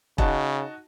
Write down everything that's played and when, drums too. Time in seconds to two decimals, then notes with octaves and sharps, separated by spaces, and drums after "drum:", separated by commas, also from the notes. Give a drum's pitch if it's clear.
0.18 C#3 D#4 F#4 A5, drum: kick E1